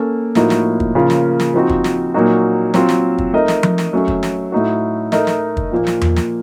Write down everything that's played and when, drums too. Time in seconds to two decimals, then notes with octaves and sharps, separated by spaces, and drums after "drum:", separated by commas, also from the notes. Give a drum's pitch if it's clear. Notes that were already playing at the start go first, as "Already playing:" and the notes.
Already playing: A#3 C#4 A4
0.35 A2 F3 A#3 D#4 F#4, drum: snare
0.50 drum: snare
0.80 drum: kick
0.95 C#3 F3 A#3 F4 A#4
1.10 drum: snare
1.40 drum: snare
1.54 F3 C4 D#4 F#4
1.69 drum: kick
1.84 drum: snare
2.14 A#2 F#3 A#3 D#4 F#4
2.74 F#3 C4 F4, drum: snare
2.89 drum: snare
3.18 drum: kick
3.33 A3 D#4 A#4 D#5
3.48 drum: snare
3.63 drum: tom F3
3.78 drum: snare
3.93 F#3 A3 C#4
4.08 drum: kick
4.23 drum: snare
4.52 A2 A3 D#4 F#4
5.12 A3 D#4 A#4 D#5, drum: snare
5.27 drum: snare
5.57 drum: kick
5.72 A#2 F3 A#3
5.87 drum: snare
6.01 drum: tom E2
6.16 drum: snare